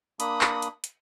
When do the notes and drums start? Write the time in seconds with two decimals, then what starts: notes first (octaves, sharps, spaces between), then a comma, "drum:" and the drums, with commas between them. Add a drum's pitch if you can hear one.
0.20 A#3 D4 B5 D#6, drum: hi-hat
0.41 drum: clap
0.62 drum: hi-hat
0.84 drum: hi-hat